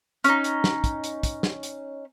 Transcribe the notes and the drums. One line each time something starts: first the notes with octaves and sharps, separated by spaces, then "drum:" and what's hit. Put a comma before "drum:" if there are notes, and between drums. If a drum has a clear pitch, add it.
C#4 D#4, drum: hi-hat
drum: hi-hat
drum: snare
drum: kick, hi-hat
drum: hi-hat
drum: kick, hi-hat
drum: snare
drum: hi-hat